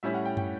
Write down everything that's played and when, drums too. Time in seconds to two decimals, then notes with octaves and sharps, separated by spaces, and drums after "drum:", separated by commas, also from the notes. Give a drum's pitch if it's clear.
0.03 A2 G3 C#4 E4 E5
0.14 F#5
0.25 G5
0.37 G5, drum: tom